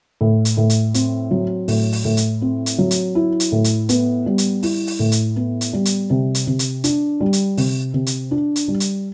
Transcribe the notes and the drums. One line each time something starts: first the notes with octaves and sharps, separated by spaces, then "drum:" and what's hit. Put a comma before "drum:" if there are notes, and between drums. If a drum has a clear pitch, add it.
A2
drum: hi-hat
A2
drum: hi-hat
C4, drum: hi-hat
F#3
A2, drum: open hi-hat
drum: open hi-hat
A2
drum: hi-hat
C4
drum: hi-hat
F#3
drum: hi-hat
E4
drum: hi-hat
A2
drum: hi-hat
B3, drum: hi-hat
G3
drum: hi-hat
E4, drum: open hi-hat
drum: open hi-hat
A2
drum: hi-hat
B3
drum: hi-hat
G3
drum: hi-hat
C3
drum: hi-hat
C3
drum: hi-hat
D4, drum: hi-hat
G3
drum: hi-hat
C3, drum: open hi-hat
C3
drum: hi-hat
D4
drum: hi-hat
G3
drum: hi-hat